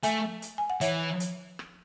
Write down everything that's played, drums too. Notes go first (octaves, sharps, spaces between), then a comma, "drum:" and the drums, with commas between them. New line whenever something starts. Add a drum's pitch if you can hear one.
A3 E5 G#5, drum: hi-hat
drum: hi-hat
G#5
F#5
E3 C#5 E5, drum: hi-hat
drum: hi-hat
drum: rim click